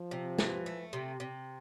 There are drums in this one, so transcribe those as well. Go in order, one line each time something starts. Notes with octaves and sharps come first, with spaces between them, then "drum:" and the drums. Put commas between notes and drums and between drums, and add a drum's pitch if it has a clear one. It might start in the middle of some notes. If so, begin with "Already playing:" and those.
Already playing: F3
C3
E3, drum: snare
A3
C3
C3